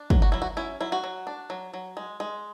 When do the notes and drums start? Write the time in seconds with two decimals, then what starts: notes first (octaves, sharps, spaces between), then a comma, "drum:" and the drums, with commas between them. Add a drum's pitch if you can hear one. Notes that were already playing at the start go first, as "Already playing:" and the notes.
Already playing: D4
0.10 F#3, drum: kick
0.22 F#4
0.32 F#3 E4
0.42 F#4
0.57 C#4 E4
0.80 F#3 E4
0.92 F#4
1.04 F#3
1.27 D4
1.50 F#3
1.74 F#3
1.97 G#3
2.20 G#3